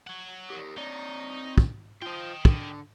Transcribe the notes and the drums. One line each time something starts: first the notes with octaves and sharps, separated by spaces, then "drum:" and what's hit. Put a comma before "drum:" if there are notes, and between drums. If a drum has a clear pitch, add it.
C#5 F#5
G4 A#4
C4 D#4 C#5 D5
drum: kick
F4 C5 D#5 G5
D3, drum: kick